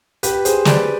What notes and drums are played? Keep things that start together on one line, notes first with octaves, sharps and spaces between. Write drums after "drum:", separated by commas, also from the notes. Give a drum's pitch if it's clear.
G4 B4, drum: hi-hat
G#4 C5, drum: hi-hat
B4 D5, drum: snare